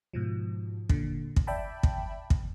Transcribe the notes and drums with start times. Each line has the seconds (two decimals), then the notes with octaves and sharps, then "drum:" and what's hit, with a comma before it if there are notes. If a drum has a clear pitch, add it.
0.13 G#2 B2 F3
0.89 A#2 D3, drum: kick
1.36 drum: kick
1.47 D5 E5 G5 A5 B5
1.83 drum: kick
2.30 drum: kick